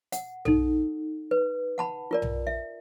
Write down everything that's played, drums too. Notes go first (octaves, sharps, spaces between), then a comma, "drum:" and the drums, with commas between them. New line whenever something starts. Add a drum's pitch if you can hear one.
F#5, drum: hi-hat
D#4 A4, drum: tom B1
B4
F#5 A5 B5
F4 A#4 D5
drum: tom B1
E5